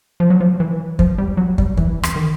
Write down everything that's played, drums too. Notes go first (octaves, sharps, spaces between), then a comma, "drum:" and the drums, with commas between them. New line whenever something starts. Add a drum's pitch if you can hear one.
F3
F#3
F3
E3
F3, drum: kick
G3
F#3
G3, drum: kick
E3, drum: kick
drum: rim click
D#3